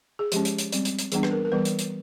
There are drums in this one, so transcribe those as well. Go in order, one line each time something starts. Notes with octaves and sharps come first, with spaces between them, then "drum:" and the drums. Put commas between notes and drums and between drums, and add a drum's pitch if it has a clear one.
G#4
F3 G#3 C#4 G4, drum: hi-hat
drum: hi-hat
drum: hi-hat
G3 C4, drum: hi-hat
drum: hi-hat
drum: hi-hat
E3 G3 B3 D4 G#4, drum: hi-hat
B4, drum: rim click
A#4
A#4
E3 G3 B3 B4
drum: hi-hat
drum: hi-hat